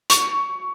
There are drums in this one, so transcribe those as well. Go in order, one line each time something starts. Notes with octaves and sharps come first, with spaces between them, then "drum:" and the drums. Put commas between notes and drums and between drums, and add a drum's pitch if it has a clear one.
C#6, drum: hi-hat